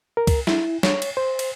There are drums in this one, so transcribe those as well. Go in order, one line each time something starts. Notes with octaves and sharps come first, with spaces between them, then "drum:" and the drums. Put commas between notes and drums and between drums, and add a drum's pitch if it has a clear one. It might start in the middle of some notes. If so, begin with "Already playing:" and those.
A#4
drum: kick C#2, cymbal
E4, drum: snare
C#5, drum: snare
drum: cymbal
C5
drum: cymbal